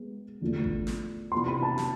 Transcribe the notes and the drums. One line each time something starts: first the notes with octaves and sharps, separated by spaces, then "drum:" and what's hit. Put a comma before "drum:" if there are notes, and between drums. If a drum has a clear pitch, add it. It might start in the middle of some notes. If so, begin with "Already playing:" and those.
Already playing: G#3 B3
E2 D3 F3 A3
drum: kick G#1
drum: snare
C3 E3 B3 D4 F4 C6
B5
A5
drum: snare